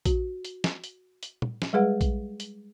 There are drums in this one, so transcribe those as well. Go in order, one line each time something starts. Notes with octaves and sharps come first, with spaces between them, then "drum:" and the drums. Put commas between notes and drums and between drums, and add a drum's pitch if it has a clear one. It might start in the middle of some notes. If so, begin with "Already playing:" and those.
F#4, drum: kick A#1, hi-hat
drum: hi-hat
drum: snare
drum: hi-hat
drum: hi-hat
drum: tom
drum: snare
G3 G#3 G#4 B4 F#5
drum: kick A#1, hi-hat
drum: hi-hat